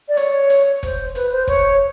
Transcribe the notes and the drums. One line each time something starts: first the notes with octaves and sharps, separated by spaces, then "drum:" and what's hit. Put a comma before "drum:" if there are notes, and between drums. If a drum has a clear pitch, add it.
D5
C#5, drum: hi-hat
drum: hi-hat
C5, drum: kick, hi-hat
B4, drum: hi-hat
C5
C#5, drum: kick, hi-hat